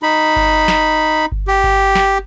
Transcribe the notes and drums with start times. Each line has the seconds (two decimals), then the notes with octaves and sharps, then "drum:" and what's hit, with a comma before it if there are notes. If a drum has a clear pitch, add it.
0.03 D#4 B5
0.36 drum: kick G1
0.68 drum: snare
1.32 drum: kick G1
1.48 G4
1.64 drum: kick G1
1.95 drum: snare